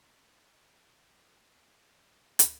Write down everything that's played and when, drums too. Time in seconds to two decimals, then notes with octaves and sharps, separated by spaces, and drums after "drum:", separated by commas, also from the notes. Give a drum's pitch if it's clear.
0.22 A#3 F#4 G4 A4 A#5 B5 G6
0.69 D3 D#4
1.24 B3 C4 B4 C#5 G#5 E7
1.62 A5 B6 C#7
2.03 F4 C#5
2.39 drum: hi-hat